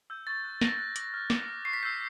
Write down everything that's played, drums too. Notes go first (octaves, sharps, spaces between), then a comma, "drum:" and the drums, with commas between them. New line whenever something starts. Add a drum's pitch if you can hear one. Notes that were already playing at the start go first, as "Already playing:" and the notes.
E6 G6
C#6 A6
F#6
C#6 A#6, drum: snare
F#6
D6, drum: hi-hat
F6
D6, drum: snare
F6
C#6 C7
B6
E6 G6 C7